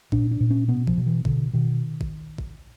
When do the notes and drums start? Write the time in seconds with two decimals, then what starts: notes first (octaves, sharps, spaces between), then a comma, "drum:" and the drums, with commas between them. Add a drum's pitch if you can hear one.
0.12 A#2 D4, drum: kick
0.31 D4
0.41 A#2
0.50 C#4
0.68 B2 B3
0.87 F3, drum: kick
0.98 B2
1.07 E3
1.25 B2 D3, drum: kick
1.53 B2 D#3
2.01 drum: kick
2.38 drum: kick